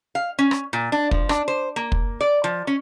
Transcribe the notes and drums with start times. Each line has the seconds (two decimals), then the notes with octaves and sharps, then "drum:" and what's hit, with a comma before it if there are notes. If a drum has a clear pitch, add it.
0.15 F5
0.39 C#4
0.51 drum: rim click
0.73 A#2
0.92 D4
1.11 F3, drum: kick
1.29 D4, drum: rim click
1.48 C5
1.76 A#3
1.92 drum: kick
2.21 D5
2.44 F3
2.67 C#4